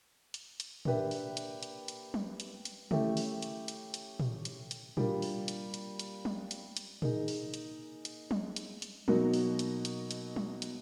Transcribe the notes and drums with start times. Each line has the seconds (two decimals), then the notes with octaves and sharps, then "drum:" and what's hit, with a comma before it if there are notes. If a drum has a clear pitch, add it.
0.34 drum: hi-hat
0.60 drum: hi-hat
0.85 A#3 D4 G4 B4 E5, drum: tom
1.11 drum: open hi-hat
1.37 drum: hi-hat
1.63 drum: hi-hat
1.88 drum: hi-hat
2.14 drum: tom
2.40 drum: hi-hat
2.65 drum: hi-hat
2.91 A3 C#4 E4 G4, drum: tom
3.17 drum: open hi-hat
3.42 drum: hi-hat
3.68 drum: hi-hat
3.94 drum: hi-hat
4.20 drum: tom
4.45 drum: hi-hat
4.71 drum: hi-hat
4.97 G3 A#3 D4 F4, drum: tom
5.22 drum: open hi-hat
5.48 drum: hi-hat
5.74 drum: hi-hat
5.99 drum: hi-hat
6.25 drum: tom
6.51 drum: hi-hat
6.77 drum: hi-hat
7.02 A#3 D#4 G#4, drum: tom
7.28 drum: open hi-hat
7.54 drum: hi-hat
8.05 drum: hi-hat
8.31 drum: tom
8.56 drum: hi-hat
8.82 drum: hi-hat
9.08 B2 F#3 A#3 D#4 F#4, drum: tom
9.34 drum: open hi-hat
9.59 drum: hi-hat
9.85 drum: hi-hat
10.11 drum: hi-hat
10.36 drum: tom
10.62 drum: hi-hat